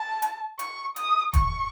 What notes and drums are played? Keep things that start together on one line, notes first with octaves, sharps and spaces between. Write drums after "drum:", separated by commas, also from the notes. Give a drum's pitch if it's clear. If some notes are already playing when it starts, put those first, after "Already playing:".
Already playing: A5
drum: hi-hat
C#6, drum: hi-hat
D#6, drum: hi-hat
C#6, drum: kick E1, hi-hat